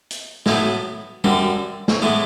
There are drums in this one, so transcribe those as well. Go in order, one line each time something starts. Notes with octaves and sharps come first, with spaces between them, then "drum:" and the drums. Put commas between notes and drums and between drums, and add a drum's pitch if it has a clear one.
drum: hi-hat
A2 F#3 B3, drum: snare
F#2 D3 G3 C4, drum: tom
drum: snare
A2 E3 G#3 B3